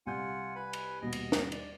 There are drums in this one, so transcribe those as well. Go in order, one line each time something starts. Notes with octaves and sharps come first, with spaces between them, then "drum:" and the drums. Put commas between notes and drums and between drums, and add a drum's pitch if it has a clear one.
C2 F4 F#5 G#5 G6
B4 G#5 B5
drum: cymbal
D#2 B2 G3 D#5
drum: cymbal
drum: snare
D5, drum: cymbal